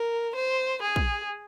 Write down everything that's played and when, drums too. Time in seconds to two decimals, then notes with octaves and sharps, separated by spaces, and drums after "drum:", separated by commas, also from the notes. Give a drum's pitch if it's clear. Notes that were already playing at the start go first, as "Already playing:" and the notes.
Already playing: A#4
0.36 C5
0.82 G#4
0.96 drum: kick